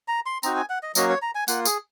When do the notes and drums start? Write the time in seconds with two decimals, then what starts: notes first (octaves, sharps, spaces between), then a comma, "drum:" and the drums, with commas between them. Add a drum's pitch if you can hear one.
0.08 A#5
0.26 C6
0.43 C4 D#4 F#4 A#5, drum: tambourine
0.56 G#5
0.69 F#5
0.83 D#5
0.95 F#3 A#3 C#4 F#4 D#5, drum: tambourine
1.09 C#5
1.22 A#5
1.35 G#5
1.48 A#3 F4 F#5, drum: tambourine
1.65 G#4, drum: tambourine